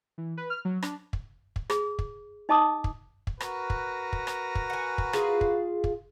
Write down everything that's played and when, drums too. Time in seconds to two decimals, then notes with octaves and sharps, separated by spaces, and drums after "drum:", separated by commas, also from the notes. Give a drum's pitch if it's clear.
0.18 E3
0.37 B4
0.50 F6
0.65 F#3
0.82 D4, drum: rim click
1.13 drum: kick
1.56 drum: kick
1.70 G#4, drum: rim click
1.99 drum: kick
2.49 D#4 D#5 A5 D6 D#6
2.84 drum: kick
3.27 drum: kick
3.40 F#4 A#4 B4, drum: rim click
3.70 drum: kick
4.13 drum: kick
4.27 drum: rim click
4.55 drum: kick
4.70 F#5 G#5
4.98 drum: kick
5.13 F4 G#4 F5, drum: rim click
5.41 drum: kick
5.84 drum: kick